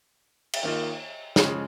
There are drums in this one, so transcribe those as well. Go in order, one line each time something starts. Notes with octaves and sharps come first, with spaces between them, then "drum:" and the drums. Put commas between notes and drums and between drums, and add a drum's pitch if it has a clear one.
drum: cymbal
D#3 A#3 F4
C#3 F3 G#3 C#4, drum: snare